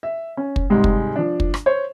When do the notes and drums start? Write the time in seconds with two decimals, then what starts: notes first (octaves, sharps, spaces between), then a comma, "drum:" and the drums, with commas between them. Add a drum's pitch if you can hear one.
0.03 E5
0.37 C#4
0.56 drum: kick
0.70 G#2 C3 G3 G#3 G#4
0.84 drum: kick
1.15 F3 D4
1.40 drum: kick
1.54 drum: rim click
1.66 C5 C#5